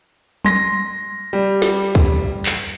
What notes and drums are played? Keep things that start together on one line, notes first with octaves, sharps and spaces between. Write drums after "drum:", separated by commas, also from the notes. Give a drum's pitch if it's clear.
C6 A#6, drum: tom F#3
G3
drum: snare
drum: kick
drum: clap